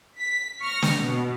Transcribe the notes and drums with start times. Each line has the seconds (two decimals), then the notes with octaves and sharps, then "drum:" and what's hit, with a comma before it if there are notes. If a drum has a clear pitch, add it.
0.18 B6
0.61 C#6 F6 A#6
0.82 drum: snare
0.98 B2